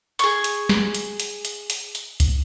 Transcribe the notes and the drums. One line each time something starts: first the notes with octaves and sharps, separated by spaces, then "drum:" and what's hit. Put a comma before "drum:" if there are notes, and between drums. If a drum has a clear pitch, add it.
G#4 C#6, drum: hi-hat
drum: hi-hat
drum: snare
drum: hi-hat
drum: hi-hat
drum: hi-hat
drum: hi-hat
drum: hi-hat
drum: kick C#2, hi-hat